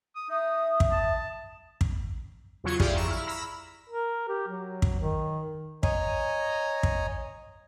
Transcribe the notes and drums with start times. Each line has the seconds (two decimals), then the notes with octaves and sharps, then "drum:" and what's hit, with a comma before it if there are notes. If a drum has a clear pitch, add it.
0.16 D#6
0.30 D#4 E5 D#6
0.80 drum: kick
0.92 A5
1.81 drum: kick
2.64 E2 C#3 F#3 F4 C#6 G#6
2.80 E4 F4 G4 G#4 D5 F5, drum: kick
2.95 F2 A#5 C#6 E7
3.08 E4 F6
3.27 A#5 B5 E6
3.89 A#4
4.29 G4
4.48 F#3
4.82 drum: kick
4.99 D#3
5.83 C#5 D#5 G#5 A#5, drum: kick
6.83 drum: kick